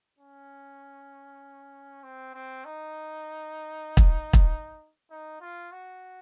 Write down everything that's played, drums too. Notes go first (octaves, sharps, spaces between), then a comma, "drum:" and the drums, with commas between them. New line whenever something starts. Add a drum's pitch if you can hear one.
C#4
C4
C4
D#4
drum: kick
drum: kick
D#4
F4
F#4